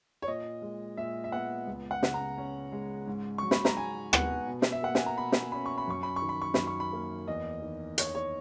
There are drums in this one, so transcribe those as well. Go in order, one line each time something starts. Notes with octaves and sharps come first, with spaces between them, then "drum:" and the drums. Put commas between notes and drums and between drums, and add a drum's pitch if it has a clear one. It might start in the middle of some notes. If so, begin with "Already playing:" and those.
C#5
A#2 D#5
G#3
A#2 E5
E5
B3 F#5
C#2
F#5
C#3, drum: snare
A#5
C#4
G#3
G#2
F#3 C#6
B5, drum: snare
A#5, drum: snare
G#2 G#5
B3 F#5, drum: rim click
B2
drum: snare
E5
A#3 F#5
G#5, drum: snare
A#5
B2 B5
drum: snare
C#4 B5
C#6
B5
F#2 C#6
B5
C#6
D#3
B5
C#6
F#2 B5, drum: snare
C#6
B5
A#3
E2 D#5
D#3
E2 C#5, drum: hi-hat
C#5